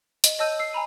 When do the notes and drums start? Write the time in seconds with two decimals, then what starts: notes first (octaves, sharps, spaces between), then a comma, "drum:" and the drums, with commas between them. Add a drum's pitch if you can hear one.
0.24 D#5, drum: hi-hat
0.39 C#5 D#5 A5 E6 G6 D#7
0.59 E6 C7
0.73 G#5 A#5 B5 D#7